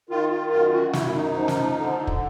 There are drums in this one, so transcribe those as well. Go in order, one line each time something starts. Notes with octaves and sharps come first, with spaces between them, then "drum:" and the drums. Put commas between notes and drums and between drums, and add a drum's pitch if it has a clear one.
D#3 F4
F4
F#2 F4
F#4
F#2 E4, drum: snare
D#4
F3
drum: snare
D3
drum: kick